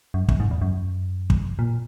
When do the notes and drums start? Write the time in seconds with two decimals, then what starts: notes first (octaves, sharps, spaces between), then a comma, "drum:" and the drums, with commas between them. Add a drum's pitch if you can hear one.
0.14 F#2
0.28 F#2, drum: kick
0.40 G#2
0.51 E2
0.62 F#2
1.30 drum: kick
1.59 A#2